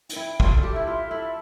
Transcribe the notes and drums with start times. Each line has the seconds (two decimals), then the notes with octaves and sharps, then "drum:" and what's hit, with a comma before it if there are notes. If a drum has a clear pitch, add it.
0.09 G5, drum: hi-hat
0.16 E4
0.40 F4 A4, drum: kick
0.63 G4
0.72 E4 E5
0.87 F4
1.03 A4
1.11 E4